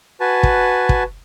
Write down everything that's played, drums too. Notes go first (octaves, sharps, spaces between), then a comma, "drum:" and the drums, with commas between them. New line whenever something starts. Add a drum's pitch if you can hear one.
F#4 B4 G#5 A5
drum: kick
drum: kick